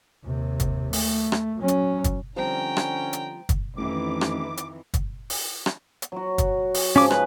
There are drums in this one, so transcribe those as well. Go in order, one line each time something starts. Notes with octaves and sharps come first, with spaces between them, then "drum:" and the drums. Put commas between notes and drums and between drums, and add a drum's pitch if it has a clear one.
D#2 C3
drum: kick, hi-hat
A3, drum: open hi-hat
drum: rim click
F#3 C#4
drum: hi-hat
drum: kick, hi-hat
D3 F3 G3 C4 C#4 G5 A#5
drum: rim click
drum: hi-hat
drum: kick, hi-hat
A1 F2 D#3 E3 D6
drum: rim click
drum: hi-hat
drum: kick, hi-hat
drum: open hi-hat
drum: rim click
drum: hi-hat
F#3 F#4
drum: kick, hi-hat
drum: open hi-hat
G#2 C#3 F3 C#4 D6
B4, drum: rim click